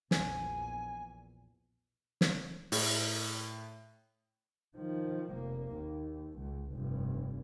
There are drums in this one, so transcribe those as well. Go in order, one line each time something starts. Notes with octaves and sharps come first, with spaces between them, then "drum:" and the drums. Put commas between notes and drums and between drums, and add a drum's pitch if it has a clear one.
A#1 E2 G#5, drum: snare
drum: snare
A2, drum: open hi-hat
D#3 F3
F1 A#3
D#2
C#2
F1 G2